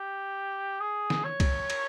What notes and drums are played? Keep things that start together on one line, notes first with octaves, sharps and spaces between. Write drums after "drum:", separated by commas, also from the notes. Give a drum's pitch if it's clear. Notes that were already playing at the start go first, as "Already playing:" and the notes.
Already playing: G4
G#4
drum: snare
C#5
drum: kick, cymbal
drum: cymbal